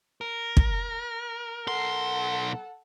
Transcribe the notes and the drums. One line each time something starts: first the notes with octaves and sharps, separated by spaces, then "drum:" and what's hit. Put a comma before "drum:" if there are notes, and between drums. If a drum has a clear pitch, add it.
A#4
drum: kick
B1 A4 F#5 C6